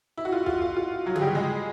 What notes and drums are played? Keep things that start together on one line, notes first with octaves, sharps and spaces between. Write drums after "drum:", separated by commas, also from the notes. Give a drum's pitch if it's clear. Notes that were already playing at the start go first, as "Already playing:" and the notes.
E4
F#4
F4
F4, drum: kick
F4
F4
F#3 F#4
G#4, drum: tom C#3
G3 G4
G#3 G#4